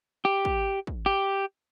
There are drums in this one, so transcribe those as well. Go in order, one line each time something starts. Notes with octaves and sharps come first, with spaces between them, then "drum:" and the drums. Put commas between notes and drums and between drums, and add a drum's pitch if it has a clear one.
G4
drum: kick
drum: kick
G4